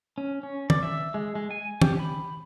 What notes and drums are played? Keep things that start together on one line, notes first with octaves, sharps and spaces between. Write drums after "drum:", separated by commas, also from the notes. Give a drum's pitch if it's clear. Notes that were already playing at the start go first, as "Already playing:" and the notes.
C#4
C#4
D5, drum: tom
E5
G#3
G#3
G#5
G4, drum: tom
B5